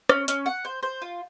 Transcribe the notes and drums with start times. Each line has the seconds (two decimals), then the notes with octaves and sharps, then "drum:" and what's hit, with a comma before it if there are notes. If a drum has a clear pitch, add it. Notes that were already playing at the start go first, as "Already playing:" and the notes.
0.09 C#4, drum: rim click
0.28 C#4, drum: hi-hat
0.46 F#5
0.65 C5
0.83 C5
1.02 F4